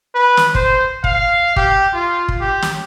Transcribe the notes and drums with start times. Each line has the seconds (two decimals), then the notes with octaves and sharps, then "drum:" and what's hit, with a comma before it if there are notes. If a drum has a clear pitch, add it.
0.14 B4
0.37 drum: snare
0.55 C5, drum: kick
1.04 F5, drum: kick
1.56 G4, drum: kick
1.93 F4
2.28 drum: kick
2.41 G4
2.62 drum: snare